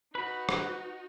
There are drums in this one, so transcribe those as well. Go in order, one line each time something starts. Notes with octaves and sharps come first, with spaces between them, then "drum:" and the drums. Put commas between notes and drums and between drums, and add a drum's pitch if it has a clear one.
D#4 F#4 B4 B5
drum: rim click